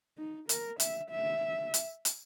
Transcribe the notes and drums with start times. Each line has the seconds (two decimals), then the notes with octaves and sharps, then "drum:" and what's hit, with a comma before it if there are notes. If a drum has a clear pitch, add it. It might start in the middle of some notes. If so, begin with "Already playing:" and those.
0.17 D#4
0.49 A#4, drum: hi-hat
0.80 E5, drum: hi-hat
1.11 E5
1.74 drum: hi-hat
2.05 drum: hi-hat